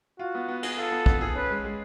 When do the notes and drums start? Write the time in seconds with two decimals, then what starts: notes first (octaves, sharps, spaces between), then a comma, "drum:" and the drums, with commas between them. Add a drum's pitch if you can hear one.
0.19 F4 F#4
0.35 B3
0.48 B3
0.63 G#4, drum: cymbal
0.77 F4 A4
0.91 B3
1.06 B3, drum: kick
1.21 G#4
1.35 C#4 B4
1.50 G#3
1.64 G#3